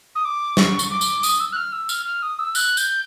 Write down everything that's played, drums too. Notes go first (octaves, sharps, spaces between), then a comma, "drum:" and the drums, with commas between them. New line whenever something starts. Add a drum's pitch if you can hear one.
D#6
D6
C#6, drum: snare
drum: tambourine
D6
drum: tambourine
D#6, drum: tambourine
E6
F#6
F6
E6
F6, drum: tambourine
F6
D#6
E6
F#6, drum: tambourine
G6, drum: tambourine